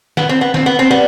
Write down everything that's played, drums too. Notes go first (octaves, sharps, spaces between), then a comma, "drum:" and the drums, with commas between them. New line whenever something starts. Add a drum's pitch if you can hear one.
B3, drum: snare
C4
B3
C4, drum: snare
B3
C4
G3 B3